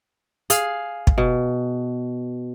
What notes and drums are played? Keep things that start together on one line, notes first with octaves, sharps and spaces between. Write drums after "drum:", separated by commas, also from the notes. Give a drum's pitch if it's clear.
G#4 F5, drum: hi-hat
drum: kick
B2